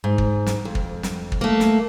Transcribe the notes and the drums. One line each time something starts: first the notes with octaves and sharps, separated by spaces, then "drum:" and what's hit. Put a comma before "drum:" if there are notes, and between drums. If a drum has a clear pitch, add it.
G#2
drum: kick
drum: snare
F2
drum: kick
drum: snare
drum: kick
A3 A#3
drum: snare